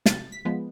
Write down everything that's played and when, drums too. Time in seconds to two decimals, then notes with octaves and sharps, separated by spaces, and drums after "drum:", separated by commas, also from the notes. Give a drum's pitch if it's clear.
0.06 C3 A6, drum: snare
0.32 B6
0.45 F3 G#3 B3